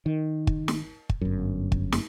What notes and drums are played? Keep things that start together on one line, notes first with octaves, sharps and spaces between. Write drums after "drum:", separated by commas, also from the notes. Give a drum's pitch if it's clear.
D#3
drum: kick
drum: snare
drum: kick
G1 F#2
drum: kick
drum: snare